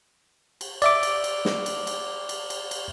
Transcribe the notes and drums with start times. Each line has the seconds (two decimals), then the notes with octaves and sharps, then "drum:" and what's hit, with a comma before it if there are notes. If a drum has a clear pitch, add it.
0.61 drum: cymbal
0.82 D5 E5 D6, drum: cymbal
1.03 drum: cymbal
1.24 drum: cymbal
1.45 drum: snare
1.66 drum: cymbal
1.87 drum: cymbal
2.29 drum: cymbal
2.50 drum: cymbal
2.71 drum: cymbal